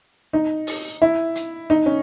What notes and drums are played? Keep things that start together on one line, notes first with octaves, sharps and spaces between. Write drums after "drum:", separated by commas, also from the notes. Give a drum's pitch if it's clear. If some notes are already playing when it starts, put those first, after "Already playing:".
D#4
drum: open hi-hat
E4
drum: hi-hat
D#4
C#4